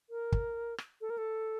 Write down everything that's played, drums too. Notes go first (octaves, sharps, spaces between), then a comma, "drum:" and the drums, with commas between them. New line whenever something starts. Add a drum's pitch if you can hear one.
A#4
drum: kick
drum: rim click
A4
A#4
A4